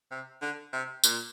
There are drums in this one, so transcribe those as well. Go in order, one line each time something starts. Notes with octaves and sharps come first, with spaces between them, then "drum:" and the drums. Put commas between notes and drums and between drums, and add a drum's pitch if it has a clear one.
C3
D3
C3
A#2, drum: tambourine